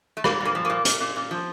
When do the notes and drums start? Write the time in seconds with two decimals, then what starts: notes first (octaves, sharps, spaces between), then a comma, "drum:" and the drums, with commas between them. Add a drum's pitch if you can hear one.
0.17 A3
0.24 A#2 A#3, drum: rim click
0.41 A#2 A#3
0.55 F3
0.65 A#2 A#3
0.85 A#2, drum: hi-hat
1.00 A#2
1.16 A#2
1.31 F3